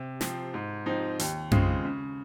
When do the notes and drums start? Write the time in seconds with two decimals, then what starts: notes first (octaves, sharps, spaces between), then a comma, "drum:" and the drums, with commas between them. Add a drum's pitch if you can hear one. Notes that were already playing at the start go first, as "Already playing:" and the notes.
Already playing: C3
0.21 F3 C4, drum: snare
0.54 G#2
0.86 F3 C4 D#4
1.19 D#2, drum: hi-hat
1.51 C#3 G#3 C4 F4, drum: tom F#2
1.85 C#3